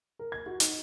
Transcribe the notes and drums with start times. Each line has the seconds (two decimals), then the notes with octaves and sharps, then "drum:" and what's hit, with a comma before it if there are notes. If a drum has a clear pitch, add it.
0.19 A#4
0.32 G#6
0.46 F#4
0.60 D#4, drum: hi-hat